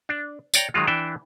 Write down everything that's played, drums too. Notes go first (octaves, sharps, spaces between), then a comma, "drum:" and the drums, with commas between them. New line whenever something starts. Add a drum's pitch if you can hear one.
D4
C#5 D5 G5 A#5, drum: tambourine
D#3 F#3 G#3 F4
E3 D4 E5 G5